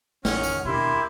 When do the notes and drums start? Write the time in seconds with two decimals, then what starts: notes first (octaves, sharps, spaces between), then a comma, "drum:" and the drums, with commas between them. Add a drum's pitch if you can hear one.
0.25 A1 D#3 C#4 F#5 F6, drum: snare
0.44 drum: tambourine
0.65 D#2 B2 A#3 D4 E4 G4 C6